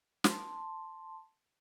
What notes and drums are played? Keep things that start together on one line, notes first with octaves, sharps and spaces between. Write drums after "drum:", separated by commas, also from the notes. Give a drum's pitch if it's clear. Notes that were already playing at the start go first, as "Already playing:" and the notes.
A5 C6, drum: snare